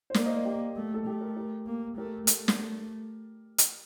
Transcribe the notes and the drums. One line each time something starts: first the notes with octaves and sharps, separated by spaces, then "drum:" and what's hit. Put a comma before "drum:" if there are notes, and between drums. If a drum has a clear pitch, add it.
C5
A#3 A#4 D5, drum: snare
C5 D#5
A#4 D5
G4
A3
A4
A3 G4
G4 A#4
G4 A#4
A#3
A3 G4 A#4
A3, drum: hi-hat
drum: snare
drum: hi-hat